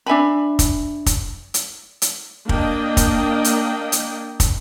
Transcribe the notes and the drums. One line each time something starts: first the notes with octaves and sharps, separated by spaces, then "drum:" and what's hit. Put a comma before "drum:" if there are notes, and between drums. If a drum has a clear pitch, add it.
D4 E5 G#5 B5
drum: kick, hi-hat
drum: kick, hi-hat
drum: hi-hat
drum: hi-hat
A#3 D4 D#5 G5, drum: kick
drum: kick, hi-hat
drum: hi-hat
drum: hi-hat
drum: kick, hi-hat